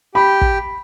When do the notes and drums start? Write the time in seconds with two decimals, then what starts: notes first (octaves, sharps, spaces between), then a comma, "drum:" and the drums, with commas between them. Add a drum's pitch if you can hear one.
0.15 G4 G5 B5
0.41 drum: kick